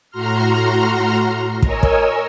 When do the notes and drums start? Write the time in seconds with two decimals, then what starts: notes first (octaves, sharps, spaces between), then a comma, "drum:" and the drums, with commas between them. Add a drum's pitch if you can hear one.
0.11 A2 F#4 A#5 C6 F6
1.62 A#4 C#5 D#5 G#5 E6, drum: kick
1.83 drum: kick